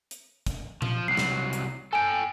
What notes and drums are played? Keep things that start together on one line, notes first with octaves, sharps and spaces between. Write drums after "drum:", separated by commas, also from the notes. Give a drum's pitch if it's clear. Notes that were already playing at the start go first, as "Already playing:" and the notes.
drum: hi-hat
drum: kick, hi-hat
F3, drum: tom A#2
C2 F#3 C7
drum: snare
drum: hi-hat
A4 G5 G#5 D7